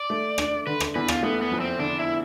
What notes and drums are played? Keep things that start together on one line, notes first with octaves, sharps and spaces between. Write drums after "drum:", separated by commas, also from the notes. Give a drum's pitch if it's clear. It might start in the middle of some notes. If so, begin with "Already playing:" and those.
Already playing: D5
A3
D4, drum: rim click
D3 B4
drum: rim click
E2 B4
F4, drum: rim click
A3 B3
B3
F2
C4
D3 D4
E4